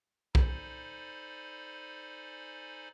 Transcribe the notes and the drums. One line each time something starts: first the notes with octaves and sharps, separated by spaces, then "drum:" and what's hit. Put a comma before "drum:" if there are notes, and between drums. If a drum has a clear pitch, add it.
D#4 A4 C5 D5 G#5 B5, drum: kick B1